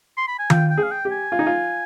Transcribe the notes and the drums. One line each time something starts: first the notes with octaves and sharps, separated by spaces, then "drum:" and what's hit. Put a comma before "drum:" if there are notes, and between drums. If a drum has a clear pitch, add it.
C6
B5
G#5
F4 G5, drum: tom D#3
G5
G#4
F5
G5
G4
G#5
F4
D#4
F4